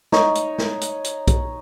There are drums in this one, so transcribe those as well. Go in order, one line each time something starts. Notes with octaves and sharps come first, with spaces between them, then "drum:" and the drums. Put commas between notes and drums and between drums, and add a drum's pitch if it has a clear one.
D#4 C#5, drum: snare
drum: hi-hat
drum: snare
drum: hi-hat
drum: hi-hat
drum: kick B1, hi-hat